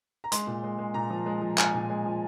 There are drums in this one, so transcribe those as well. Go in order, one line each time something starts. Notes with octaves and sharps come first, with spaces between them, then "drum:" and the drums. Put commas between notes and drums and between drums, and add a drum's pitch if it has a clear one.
A#5
G#3 C6, drum: hi-hat
A#2
G#3
G#3
A#2 A#5
F3
G#3
F3
G#3 G#5, drum: clap
A#2
G#3
F3